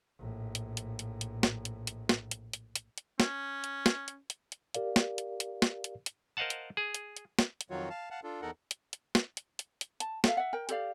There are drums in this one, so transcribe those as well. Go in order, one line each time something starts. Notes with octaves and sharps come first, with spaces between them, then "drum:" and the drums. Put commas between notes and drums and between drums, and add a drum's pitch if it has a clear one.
A#1 A2
drum: hi-hat
drum: hi-hat
drum: hi-hat
drum: hi-hat
drum: snare
drum: hi-hat
drum: hi-hat
drum: snare
drum: hi-hat
drum: hi-hat
drum: hi-hat
drum: hi-hat
C#4, drum: snare
drum: hi-hat
drum: snare
drum: hi-hat
drum: hi-hat
drum: hi-hat
G4 A#4 D5 F5, drum: hi-hat
drum: snare
drum: hi-hat
drum: hi-hat
drum: snare
drum: hi-hat
drum: hi-hat
A#4 C5 D#5 F5 F#5 A5
drum: hi-hat
G#4
drum: hi-hat
drum: hi-hat
drum: snare
drum: hi-hat
F2 D#3 F#3 F4 F#4 C#5
F5 A5
F5 F#5 A5
D4 F4 A4
E2 D#4 A4 A#4 F#5
drum: hi-hat
drum: hi-hat
drum: snare
drum: hi-hat
drum: hi-hat
drum: hi-hat
A5, drum: hi-hat
A4 E5 F5, drum: snare
E5 F#5
A#4 G5
G4 A4 D5 F5, drum: hi-hat